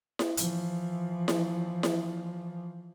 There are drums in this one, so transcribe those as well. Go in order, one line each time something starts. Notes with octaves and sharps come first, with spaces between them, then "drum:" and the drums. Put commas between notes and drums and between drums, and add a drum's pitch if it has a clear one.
drum: snare E4
E3 F3, drum: hi-hat
drum: snare E4
drum: snare E4